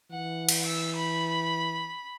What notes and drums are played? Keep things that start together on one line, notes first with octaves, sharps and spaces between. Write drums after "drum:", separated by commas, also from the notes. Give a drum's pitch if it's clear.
E3 F#5
drum: cymbal
E6
B5